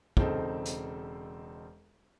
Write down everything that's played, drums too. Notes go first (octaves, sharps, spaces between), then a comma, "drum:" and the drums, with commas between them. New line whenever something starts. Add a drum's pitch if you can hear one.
E1 C#3 C4 D#4 A4, drum: kick
drum: hi-hat